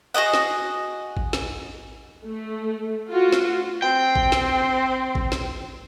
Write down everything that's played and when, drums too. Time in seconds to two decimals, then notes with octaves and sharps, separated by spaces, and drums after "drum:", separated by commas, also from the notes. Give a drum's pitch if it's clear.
0.14 F#4 G#4 D#5 F#5
0.34 drum: snare
1.17 drum: kick A1
1.33 drum: snare
2.24 A3
3.08 F4 F#4
3.32 drum: snare
3.82 C4 G5
4.16 drum: kick A1
4.32 drum: snare
5.15 drum: kick A1
5.32 drum: snare